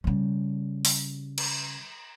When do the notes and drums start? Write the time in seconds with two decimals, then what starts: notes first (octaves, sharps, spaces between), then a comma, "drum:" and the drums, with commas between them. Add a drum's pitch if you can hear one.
0.04 C#3 G3
0.85 drum: open hi-hat
1.38 drum: cymbal